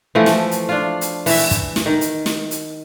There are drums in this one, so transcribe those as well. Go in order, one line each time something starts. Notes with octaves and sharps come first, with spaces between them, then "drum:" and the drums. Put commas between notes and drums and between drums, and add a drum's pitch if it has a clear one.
E3 F3 A3
drum: snare
drum: hi-hat
D4 F4
drum: hi-hat
E3 E5, drum: open hi-hat
drum: kick, hi-hat
drum: snare
D#3
drum: hi-hat
drum: snare
drum: hi-hat